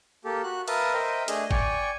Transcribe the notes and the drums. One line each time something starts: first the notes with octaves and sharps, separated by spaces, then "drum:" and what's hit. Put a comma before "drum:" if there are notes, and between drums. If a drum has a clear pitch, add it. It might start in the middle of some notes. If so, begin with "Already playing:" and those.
A#3 G4 A4
F#4 F#6
A#4 B4 E5 F5 A5 D#6, drum: cymbal
A#4 C5 D#5 E5 G5
A3 D4 G#4 D#5, drum: hi-hat
D5 G5 G#5 C#6, drum: kick G#1